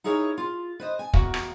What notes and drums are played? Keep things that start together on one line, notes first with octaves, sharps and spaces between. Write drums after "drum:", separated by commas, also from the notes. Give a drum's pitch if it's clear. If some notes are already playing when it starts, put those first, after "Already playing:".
D#4 E4 G#4 A#4 C#5
F4
B4 C5 D#5
G#5 A5
E2 A#3 F#4, drum: kick
drum: rim click